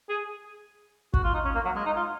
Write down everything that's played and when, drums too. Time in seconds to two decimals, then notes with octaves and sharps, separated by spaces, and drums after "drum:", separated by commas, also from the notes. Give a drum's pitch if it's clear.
0.09 G#4
1.14 F#4, drum: kick
1.24 F4
1.34 D#4
1.45 C#4
1.55 A#3
1.65 F#3
1.76 G#3
1.86 D#4
1.96 F4